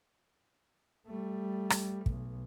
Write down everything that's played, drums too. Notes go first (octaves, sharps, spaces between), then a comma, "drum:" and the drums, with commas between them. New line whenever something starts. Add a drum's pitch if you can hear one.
G3 A3
drum: rim click
B1, drum: kick